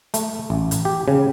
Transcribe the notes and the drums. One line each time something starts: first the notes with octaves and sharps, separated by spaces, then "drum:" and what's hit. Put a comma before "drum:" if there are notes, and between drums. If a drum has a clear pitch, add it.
A3, drum: hi-hat
A1
drum: hi-hat
G4
C#3